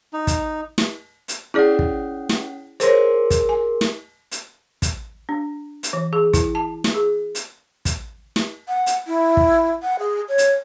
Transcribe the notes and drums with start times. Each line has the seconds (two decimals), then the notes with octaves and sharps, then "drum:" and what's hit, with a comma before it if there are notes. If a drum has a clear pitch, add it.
0.13 D#4
0.27 drum: kick, hi-hat
0.78 drum: snare
1.28 drum: hi-hat
1.54 C#4 E4 G#4 D5 F#5
1.79 drum: kick
2.29 drum: snare
2.80 G#4 A#4 C5 C#5 C6, drum: hi-hat
3.30 drum: kick, hi-hat
3.49 G#5
3.81 drum: snare
4.32 drum: hi-hat
4.82 drum: kick, hi-hat
5.29 D4
5.83 drum: hi-hat
5.93 E3
6.13 G#4
6.33 E4, drum: kick, hi-hat
6.55 A5
6.84 drum: snare
6.94 G#4
7.35 drum: hi-hat
7.85 drum: kick, hi-hat
8.36 drum: snare
8.69 F#5
8.86 drum: hi-hat
9.07 E4
9.37 drum: kick
9.83 F#5
9.99 G#4
10.29 C#5
10.38 drum: hi-hat